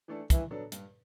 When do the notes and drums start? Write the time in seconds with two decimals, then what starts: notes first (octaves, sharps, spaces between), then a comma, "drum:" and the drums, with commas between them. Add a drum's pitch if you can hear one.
0.08 E3 A3 D4 A4
0.30 G2 E3, drum: kick, hi-hat
0.51 F#3 B3 D4 A4
0.72 G2, drum: hi-hat